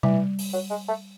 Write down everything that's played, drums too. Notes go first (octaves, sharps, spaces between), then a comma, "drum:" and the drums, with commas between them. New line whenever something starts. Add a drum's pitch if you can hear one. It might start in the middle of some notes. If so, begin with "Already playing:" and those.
E3 G3, drum: tom C3
drum: open hi-hat
F#3
G#3
A3